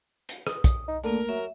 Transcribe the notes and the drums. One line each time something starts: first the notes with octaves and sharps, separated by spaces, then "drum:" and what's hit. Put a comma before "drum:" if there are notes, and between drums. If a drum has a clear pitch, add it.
drum: hi-hat
D#6, drum: rim click
drum: kick, hi-hat
D#4
D3 A3 A#3 A#4
F#3 E5